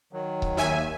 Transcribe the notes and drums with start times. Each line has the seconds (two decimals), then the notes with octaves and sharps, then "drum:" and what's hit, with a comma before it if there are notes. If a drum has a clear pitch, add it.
0.13 D#3 F#3
0.42 drum: kick C#1
0.57 D#2 E5 G#5